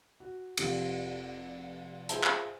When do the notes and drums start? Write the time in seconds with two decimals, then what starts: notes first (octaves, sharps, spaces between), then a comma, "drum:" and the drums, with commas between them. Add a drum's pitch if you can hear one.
0.20 F#4
0.57 F1 C4 F4 G4, drum: cymbal
2.09 F4 G#4 C5 E5 G#5 A5, drum: hi-hat
2.24 drum: clap